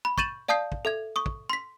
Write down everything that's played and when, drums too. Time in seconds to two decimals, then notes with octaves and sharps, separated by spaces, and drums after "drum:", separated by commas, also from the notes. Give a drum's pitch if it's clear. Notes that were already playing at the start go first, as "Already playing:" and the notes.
0.05 B5
0.18 C#6 G6 A6 D#7 E7 F#7, drum: kick
0.48 D5 F5 A5 D#6 G6 C7
0.72 drum: kick
0.85 A4 E5 G#6
1.16 C#6 D#6
1.26 drum: kick
1.50 C6 B6